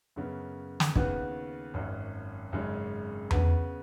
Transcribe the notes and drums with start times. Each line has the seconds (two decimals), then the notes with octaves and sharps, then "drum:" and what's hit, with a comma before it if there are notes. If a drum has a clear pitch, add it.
0.16 F#2 C#3 B3
0.80 drum: snare
0.96 D#2 C#3 B3 F#4 B4, drum: kick
1.74 G#1 F#2 F#3
2.53 G#1 F#2 C#3 G#3
3.31 C#3 B3 F#4 B4, drum: tom E2